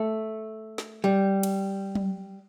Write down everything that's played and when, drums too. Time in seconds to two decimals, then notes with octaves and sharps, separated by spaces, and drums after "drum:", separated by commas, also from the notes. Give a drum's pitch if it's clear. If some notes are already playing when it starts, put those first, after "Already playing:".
Already playing: A3
0.78 drum: snare
1.04 G3
1.43 drum: cymbal
1.95 drum: tom F#3